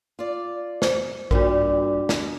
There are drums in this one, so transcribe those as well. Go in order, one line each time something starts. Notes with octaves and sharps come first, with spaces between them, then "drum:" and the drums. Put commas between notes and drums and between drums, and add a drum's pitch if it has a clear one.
F4 D5
C5, drum: snare
G2 A#2 G3 F#4 A#4, drum: kick A#1
D#5, drum: snare